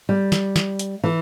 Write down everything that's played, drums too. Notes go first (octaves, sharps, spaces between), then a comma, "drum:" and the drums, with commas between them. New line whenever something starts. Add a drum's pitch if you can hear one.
G3
drum: snare
drum: snare
drum: hi-hat
E3